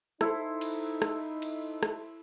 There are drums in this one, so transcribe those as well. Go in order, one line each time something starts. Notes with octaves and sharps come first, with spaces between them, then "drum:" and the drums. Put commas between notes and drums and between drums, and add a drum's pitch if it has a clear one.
D#4 E4 A4 C5, drum: rim click
drum: cymbal
drum: rim click
drum: cymbal
drum: rim click